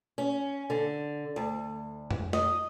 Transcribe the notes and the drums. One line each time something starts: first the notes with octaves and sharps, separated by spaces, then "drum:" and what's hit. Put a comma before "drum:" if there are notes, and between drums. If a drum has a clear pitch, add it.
C#4
D3
D2
drum: tom F2
D#5, drum: snare